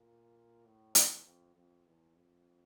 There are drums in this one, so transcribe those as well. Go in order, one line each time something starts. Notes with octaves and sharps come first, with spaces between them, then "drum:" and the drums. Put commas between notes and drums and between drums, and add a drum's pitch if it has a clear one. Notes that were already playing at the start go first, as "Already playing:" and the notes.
Already playing: A#2
A2
E2, drum: hi-hat
F2
F2
E2
F2